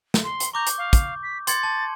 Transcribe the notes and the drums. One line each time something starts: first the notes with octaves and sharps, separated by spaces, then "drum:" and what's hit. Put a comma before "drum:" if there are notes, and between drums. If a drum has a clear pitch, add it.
drum: snare
C6
drum: hi-hat
A#5 C#6 D6 G6
drum: hi-hat
F5
drum: kick, hi-hat
B6
C6 G#6 A6 C#7, drum: hi-hat
A5